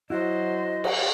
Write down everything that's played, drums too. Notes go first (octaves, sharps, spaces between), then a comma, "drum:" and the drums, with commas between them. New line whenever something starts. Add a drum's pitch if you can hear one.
F#3 E4 F#4 C5 D#5
drum: cymbal